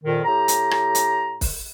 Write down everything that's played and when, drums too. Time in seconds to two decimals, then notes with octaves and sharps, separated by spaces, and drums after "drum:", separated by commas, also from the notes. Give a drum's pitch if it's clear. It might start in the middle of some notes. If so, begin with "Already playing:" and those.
0.04 F2 A#2 D#3
0.25 A2 G4 A#5
0.48 drum: hi-hat
0.71 drum: rim click
0.95 drum: hi-hat
1.41 drum: kick, open hi-hat